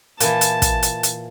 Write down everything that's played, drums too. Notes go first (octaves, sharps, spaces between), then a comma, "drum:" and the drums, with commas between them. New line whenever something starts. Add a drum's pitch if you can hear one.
A#2 E3 A5, drum: hi-hat
drum: hi-hat
drum: kick, hi-hat
drum: hi-hat
drum: hi-hat